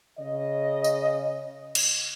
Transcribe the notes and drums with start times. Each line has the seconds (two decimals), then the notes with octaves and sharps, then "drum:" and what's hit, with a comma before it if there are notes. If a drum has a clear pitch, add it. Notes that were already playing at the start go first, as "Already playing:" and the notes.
0.19 C#3 D#5
0.84 drum: tambourine
1.75 drum: cymbal